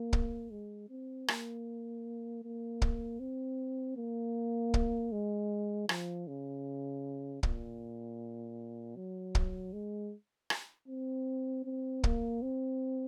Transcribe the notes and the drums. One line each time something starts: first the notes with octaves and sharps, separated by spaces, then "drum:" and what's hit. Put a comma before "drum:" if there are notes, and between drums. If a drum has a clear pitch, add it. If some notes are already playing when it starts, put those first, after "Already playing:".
Already playing: A#3
drum: kick
G#3
C4
A#3, drum: rim click
A#3
drum: kick
C4
A#3
drum: kick
G#3
F3, drum: rim click
C#3
A#2, drum: kick
F#3
drum: kick
G#3
drum: rim click
C4
C4
A#3, drum: kick
C4